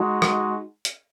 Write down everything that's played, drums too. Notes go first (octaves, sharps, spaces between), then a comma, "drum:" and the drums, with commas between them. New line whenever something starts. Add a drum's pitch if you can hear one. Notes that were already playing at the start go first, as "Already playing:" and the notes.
Already playing: G#3 D#4 F#4
drum: rim click
drum: hi-hat